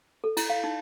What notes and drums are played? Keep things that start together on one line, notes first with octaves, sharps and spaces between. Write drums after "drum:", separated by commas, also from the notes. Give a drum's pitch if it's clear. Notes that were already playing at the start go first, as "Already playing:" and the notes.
A4
E4, drum: cymbal
F5
D#4